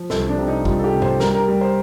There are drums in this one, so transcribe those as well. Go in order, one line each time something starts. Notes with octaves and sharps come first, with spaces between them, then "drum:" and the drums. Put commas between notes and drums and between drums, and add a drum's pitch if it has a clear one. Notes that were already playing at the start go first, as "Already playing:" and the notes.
Already playing: F3
C2 A4, drum: snare
D4
C3
D#4
G3 F4, drum: kick
A4
G4
C3
C5, drum: tom G#2
G3 A#4, drum: snare
A#4
G3
C5